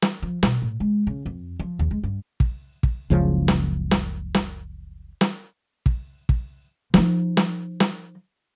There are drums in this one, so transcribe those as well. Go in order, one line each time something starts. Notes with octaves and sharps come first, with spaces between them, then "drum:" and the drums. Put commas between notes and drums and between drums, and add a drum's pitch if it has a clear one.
drum: snare
F3
B2, drum: snare
A2
G#3
C#3
F2
F3
D#2
G#3
G2
drum: kick
drum: kick
F#1 C#2 C#3 F3
drum: snare
drum: snare
drum: snare
drum: snare
drum: kick
drum: kick
F3 D#4, drum: snare
drum: snare
drum: snare